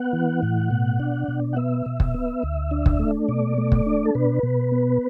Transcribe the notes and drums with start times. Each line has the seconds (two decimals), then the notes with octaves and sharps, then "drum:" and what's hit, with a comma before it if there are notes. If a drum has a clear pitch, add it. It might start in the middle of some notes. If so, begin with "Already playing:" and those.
Already playing: B3 F#5
0.13 E3
0.43 A2
0.71 B2
1.00 D4
1.28 B2
1.53 F#5
1.56 B3 E5
1.86 B2
2.00 drum: kick
2.14 B3
2.43 D2
2.71 D4
2.86 drum: kick
3.00 A3
3.28 B2 D5
3.58 A3
3.72 drum: kick
3.86 D4
4.05 A4
4.15 B2 B4
4.43 B2
4.72 B3